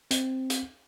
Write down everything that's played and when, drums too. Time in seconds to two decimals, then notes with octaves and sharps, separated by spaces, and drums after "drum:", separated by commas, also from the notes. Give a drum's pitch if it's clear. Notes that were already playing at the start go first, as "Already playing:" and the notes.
0.11 C4, drum: hi-hat
0.50 drum: hi-hat